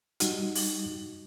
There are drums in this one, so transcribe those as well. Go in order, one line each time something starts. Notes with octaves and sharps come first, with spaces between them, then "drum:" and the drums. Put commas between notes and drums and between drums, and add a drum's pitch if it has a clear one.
G3 D#4 F#4, drum: hi-hat
drum: open hi-hat